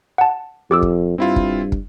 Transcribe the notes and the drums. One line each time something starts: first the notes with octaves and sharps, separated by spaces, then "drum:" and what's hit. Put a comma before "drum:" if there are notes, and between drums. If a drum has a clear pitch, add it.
F#5 A5
F2 G4 D6 E6
drum: kick
G2 C4 E4 F4
drum: kick
drum: kick